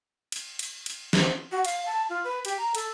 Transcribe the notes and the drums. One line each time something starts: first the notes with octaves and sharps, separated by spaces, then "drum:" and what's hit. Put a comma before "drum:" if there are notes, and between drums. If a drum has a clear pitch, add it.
drum: cymbal
drum: cymbal
drum: cymbal
drum: snare
F#4
F5, drum: cymbal
A5
F4
B4
G4, drum: cymbal
A#5
A4, drum: cymbal